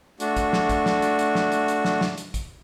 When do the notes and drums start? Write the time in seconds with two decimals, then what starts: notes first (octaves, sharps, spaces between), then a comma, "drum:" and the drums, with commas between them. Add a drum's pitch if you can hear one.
0.20 A3 D4 F#4, drum: hi-hat
0.37 drum: kick, hi-hat
0.53 drum: snare
0.69 drum: kick, hi-hat
0.86 drum: snare
1.02 drum: hi-hat
1.19 drum: hi-hat
1.35 drum: snare
1.52 drum: hi-hat
1.68 drum: hi-hat
1.85 drum: snare
2.01 drum: snare
2.18 drum: hi-hat
2.34 drum: kick, hi-hat